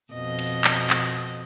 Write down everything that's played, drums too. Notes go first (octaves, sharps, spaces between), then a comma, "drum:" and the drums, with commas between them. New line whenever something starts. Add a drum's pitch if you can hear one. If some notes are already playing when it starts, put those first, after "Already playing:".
F2 B2 D#5
drum: cymbal
drum: clap
drum: clap